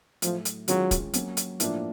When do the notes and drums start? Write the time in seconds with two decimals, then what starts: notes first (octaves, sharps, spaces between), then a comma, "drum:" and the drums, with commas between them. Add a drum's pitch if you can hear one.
0.22 A2 F3 F#3 A3, drum: hi-hat
0.45 drum: hi-hat
0.68 D#3 F#3 G#3 C#4 F4 G#4, drum: hi-hat
0.91 drum: kick, hi-hat
1.13 F#3 A#3 C#4, drum: hi-hat
1.37 drum: hi-hat
1.60 A2 F3 A#3 D4, drum: hi-hat